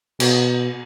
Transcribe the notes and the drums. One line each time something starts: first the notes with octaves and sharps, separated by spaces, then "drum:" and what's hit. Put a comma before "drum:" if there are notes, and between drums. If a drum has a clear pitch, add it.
B2, drum: cymbal